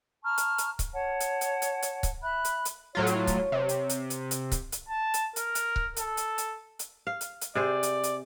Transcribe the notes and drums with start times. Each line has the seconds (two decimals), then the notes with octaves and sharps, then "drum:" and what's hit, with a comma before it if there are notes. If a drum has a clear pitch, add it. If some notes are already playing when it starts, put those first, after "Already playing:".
0.23 A5 A#5 C#6 F6
0.38 drum: hi-hat
0.58 drum: hi-hat
0.79 drum: kick C#1, hi-hat
0.94 C#5 F#5 A5
1.20 drum: hi-hat
1.41 drum: hi-hat
1.62 drum: hi-hat
1.82 drum: hi-hat
2.03 drum: kick C#1, hi-hat
2.23 E5 B5 F#6
2.45 drum: hi-hat
2.65 drum: hi-hat
2.95 A2 F#3 F4 C#5
3.07 drum: hi-hat
3.27 drum: kick C#1, hi-hat
3.52 C3
3.69 drum: hi-hat
3.89 drum: hi-hat
4.10 drum: hi-hat
4.31 drum: hi-hat
4.52 drum: kick C#1, hi-hat
4.72 drum: hi-hat
4.89 A5
5.14 drum: hi-hat
5.36 A#4, drum: hi-hat
5.55 drum: hi-hat
5.76 drum: kick C#1
5.96 A4, drum: hi-hat
6.17 drum: hi-hat
6.38 drum: hi-hat
6.79 drum: hi-hat
7.07 F5
7.21 drum: hi-hat
7.41 drum: hi-hat
7.55 C3 G#4 C5 D5
7.83 drum: hi-hat
8.03 drum: hi-hat